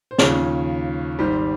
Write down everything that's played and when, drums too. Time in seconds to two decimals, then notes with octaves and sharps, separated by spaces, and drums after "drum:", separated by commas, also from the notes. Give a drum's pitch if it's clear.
0.11 C5
0.18 D#2 C#3 F3 C#5, drum: snare
1.19 G#1 G#2 D#3 G3 C5